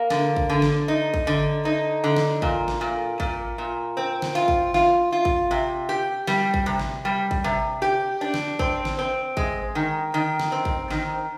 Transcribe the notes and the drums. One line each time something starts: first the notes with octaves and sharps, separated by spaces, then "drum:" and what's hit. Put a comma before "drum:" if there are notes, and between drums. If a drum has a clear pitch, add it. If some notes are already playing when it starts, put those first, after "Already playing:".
Already playing: A#3
D3, drum: snare
drum: kick
D3
drum: snare
D#4
drum: kick
D3
D#4
D3
drum: snare
A#2, drum: kick
drum: snare
A#2
A#2, drum: kick
A#2
C4
drum: snare
F4
drum: kick
F4, drum: snare
F4
drum: kick
C3
G4
G3, drum: snare
drum: kick
C3
drum: snare
G3
drum: kick
C3
G4
D4
drum: snare
C4, drum: kick
drum: snare
C4
G#3, drum: kick
D#3
D#3
drum: snare
C4
drum: kick
D#3, drum: snare